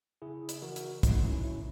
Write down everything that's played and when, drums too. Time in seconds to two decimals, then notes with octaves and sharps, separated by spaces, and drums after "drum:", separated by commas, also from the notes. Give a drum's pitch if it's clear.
0.22 C#3 E4 G#4
0.49 drum: hi-hat
0.62 E3 F#4 A#4
0.76 drum: hi-hat
1.03 C#3 D#4 F#4, drum: kick, hi-hat
1.24 C#4 E4
1.44 E3 C#4 E4